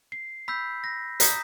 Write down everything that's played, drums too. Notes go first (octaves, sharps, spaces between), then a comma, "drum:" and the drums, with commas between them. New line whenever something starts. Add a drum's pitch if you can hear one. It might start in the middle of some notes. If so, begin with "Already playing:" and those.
C7
B5 E6 G6 B6
A#6
A#5 D#6 G6 B6, drum: hi-hat